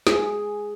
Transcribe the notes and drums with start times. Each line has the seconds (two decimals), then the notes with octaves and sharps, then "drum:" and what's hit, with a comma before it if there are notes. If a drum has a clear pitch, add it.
0.07 G#4, drum: snare